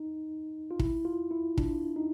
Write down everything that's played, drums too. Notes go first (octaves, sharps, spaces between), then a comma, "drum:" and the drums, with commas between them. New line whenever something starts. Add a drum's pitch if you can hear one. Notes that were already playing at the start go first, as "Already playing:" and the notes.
Already playing: D#4
F4
E4, drum: kick
F4
E4
D4, drum: kick
D#4